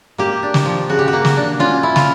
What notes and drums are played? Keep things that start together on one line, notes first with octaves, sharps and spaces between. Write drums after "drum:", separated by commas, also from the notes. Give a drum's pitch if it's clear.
A#3 G4
D4
drum: snare
F3
C#3 F#4
G4
F#4
A#3
drum: snare
D4
C#4 F4
E4
F4, drum: snare